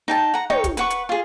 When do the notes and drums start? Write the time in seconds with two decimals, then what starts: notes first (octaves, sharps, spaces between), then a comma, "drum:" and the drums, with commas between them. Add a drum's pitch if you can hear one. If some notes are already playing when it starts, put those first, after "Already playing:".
0.08 D#4 G5 A5
0.34 F#5 A#5
0.50 D#4 C#5 G5, drum: tom
0.64 drum: kick, hi-hat
0.77 B4 F#5 C#6, drum: hi-hat
0.90 drum: hi-hat
1.09 F4 G#4